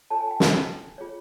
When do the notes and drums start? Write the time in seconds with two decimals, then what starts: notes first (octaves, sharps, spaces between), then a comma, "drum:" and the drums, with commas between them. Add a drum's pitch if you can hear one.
0.10 F4 A4 C#5 A5
0.21 G#5
0.31 G5
0.40 G#5, drum: snare
0.98 F4 G#4 C#5